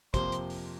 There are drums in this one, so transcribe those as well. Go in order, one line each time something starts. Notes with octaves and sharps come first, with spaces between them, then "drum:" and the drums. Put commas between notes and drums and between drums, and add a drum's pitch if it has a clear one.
F2 C3 A#3 C5, drum: kick, hi-hat
drum: hi-hat
drum: open hi-hat